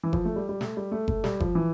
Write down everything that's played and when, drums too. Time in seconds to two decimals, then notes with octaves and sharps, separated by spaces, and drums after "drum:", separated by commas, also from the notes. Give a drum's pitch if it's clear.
0.04 E3
0.13 F3, drum: kick F#1
0.25 A3
0.36 G3
0.49 G3
0.61 A3, drum: snare
0.77 G3
0.92 A3
1.08 A3, drum: kick F#1
1.24 G3, drum: snare
1.40 F3, drum: kick F#1
1.55 E3